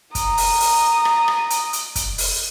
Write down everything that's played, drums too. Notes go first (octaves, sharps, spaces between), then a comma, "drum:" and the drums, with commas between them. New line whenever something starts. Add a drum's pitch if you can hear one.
A#5 D#6, drum: kick, hi-hat
drum: open hi-hat
drum: open hi-hat
drum: rim click
drum: rim click
drum: hi-hat
drum: hi-hat
drum: kick, hi-hat
drum: open hi-hat